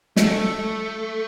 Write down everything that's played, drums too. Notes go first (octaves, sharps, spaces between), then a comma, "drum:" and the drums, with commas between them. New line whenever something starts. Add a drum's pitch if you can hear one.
A3, drum: snare